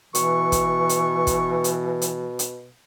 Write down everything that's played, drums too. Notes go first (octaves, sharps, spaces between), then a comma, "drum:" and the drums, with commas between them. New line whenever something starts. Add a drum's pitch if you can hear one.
B2 E3 C#6, drum: hi-hat
drum: kick, hi-hat
drum: hi-hat
drum: kick, hi-hat
drum: hi-hat
drum: hi-hat
drum: hi-hat